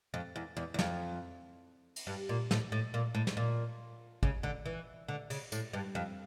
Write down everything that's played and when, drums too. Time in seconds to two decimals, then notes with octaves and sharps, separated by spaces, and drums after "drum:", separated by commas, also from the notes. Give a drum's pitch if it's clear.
0.14 F2
0.36 E2
0.57 E2
0.74 E2
0.79 F2, drum: snare
1.96 drum: cymbal
2.07 G2
2.29 A#2
2.51 A2, drum: snare
2.72 A2
2.94 A#2
3.15 A2
3.27 drum: snare
3.37 A#2
4.23 C#3, drum: kick
4.43 D3
4.66 E3
5.08 D3
5.30 C#3, drum: cymbal
5.52 A2, drum: tambourine
5.73 G2
5.95 F2